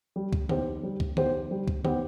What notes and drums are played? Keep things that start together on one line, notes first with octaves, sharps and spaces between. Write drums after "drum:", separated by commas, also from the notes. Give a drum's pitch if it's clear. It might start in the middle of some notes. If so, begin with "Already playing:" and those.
G3
drum: kick
B3 D#4 G4 C5, drum: tom D3
G3
drum: kick
B3 D#4 G4 C5, drum: tom D3
G3
drum: kick
B3 D#4 G4 C5, drum: tom D3